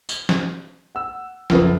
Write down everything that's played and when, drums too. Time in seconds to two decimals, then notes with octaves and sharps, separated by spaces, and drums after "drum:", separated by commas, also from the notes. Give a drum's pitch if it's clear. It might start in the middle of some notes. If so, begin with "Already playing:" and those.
0.09 drum: tambourine
0.29 drum: snare
0.95 F#5 E6
1.50 F#1 F2 F4 A#4 B4 D#6, drum: snare